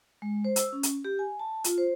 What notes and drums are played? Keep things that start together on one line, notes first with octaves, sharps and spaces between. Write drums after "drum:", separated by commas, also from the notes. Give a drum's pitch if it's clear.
G#3
C5
E6, drum: hi-hat
C#4
drum: hi-hat
G4
G#5
A5
F4, drum: hi-hat
C5